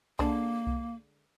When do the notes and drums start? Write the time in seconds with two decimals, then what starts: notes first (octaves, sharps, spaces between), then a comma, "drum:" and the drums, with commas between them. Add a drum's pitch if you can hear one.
0.19 D3 G#3 A#3 D4, drum: kick C2
0.67 drum: kick C2